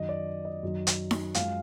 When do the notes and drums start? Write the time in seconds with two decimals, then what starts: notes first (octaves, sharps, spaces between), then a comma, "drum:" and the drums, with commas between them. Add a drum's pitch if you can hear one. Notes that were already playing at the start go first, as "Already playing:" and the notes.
Already playing: F#2 D#3 F#3 D#5
0.09 D5
0.45 D#5
0.63 F#2 D#3 F#3
0.87 drum: hi-hat
1.11 drum: snare D#4
1.34 F#2 F3 G#3 F5, drum: hi-hat